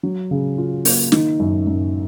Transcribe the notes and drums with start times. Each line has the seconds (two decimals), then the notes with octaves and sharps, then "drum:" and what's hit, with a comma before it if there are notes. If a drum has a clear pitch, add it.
0.03 F#3
0.31 C#3
0.58 F4
0.85 A#3, drum: open hi-hat
1.12 D#3, drum: snare
1.40 F#2
1.67 F#2